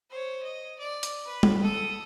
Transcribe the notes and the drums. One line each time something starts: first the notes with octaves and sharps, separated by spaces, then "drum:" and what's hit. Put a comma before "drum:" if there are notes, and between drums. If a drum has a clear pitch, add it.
C5 C#5
D#5
D5
drum: hi-hat
B4
drum: tom
A4 D#6